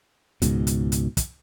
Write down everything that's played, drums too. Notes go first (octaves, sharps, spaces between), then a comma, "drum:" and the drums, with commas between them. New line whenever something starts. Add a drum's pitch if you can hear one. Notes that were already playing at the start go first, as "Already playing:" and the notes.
C#2 G#2 B2, drum: hi-hat
drum: hi-hat
drum: hi-hat
drum: kick, hi-hat